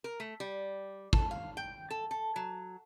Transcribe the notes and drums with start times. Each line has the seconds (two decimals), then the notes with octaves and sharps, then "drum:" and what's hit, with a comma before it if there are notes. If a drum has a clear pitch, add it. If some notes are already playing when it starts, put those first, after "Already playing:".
0.04 A#4
0.20 A3
0.40 G3
1.13 A4, drum: kick
1.31 F5
1.57 G5
1.90 A4
2.11 A4
2.36 F#3